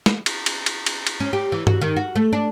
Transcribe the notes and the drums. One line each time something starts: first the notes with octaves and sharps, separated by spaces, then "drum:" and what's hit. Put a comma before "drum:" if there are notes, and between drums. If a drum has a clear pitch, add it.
drum: snare
drum: cymbal
drum: cymbal
drum: cymbal
drum: cymbal
drum: cymbal
C#4
G4
E3
F#4, drum: tom G2
D#3
F#4
A3
D4